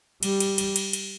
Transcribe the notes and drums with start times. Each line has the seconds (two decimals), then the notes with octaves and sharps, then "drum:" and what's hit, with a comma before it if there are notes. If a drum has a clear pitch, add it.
0.23 G3, drum: cymbal
0.40 drum: cymbal
0.58 drum: cymbal
0.76 drum: cymbal
0.93 drum: cymbal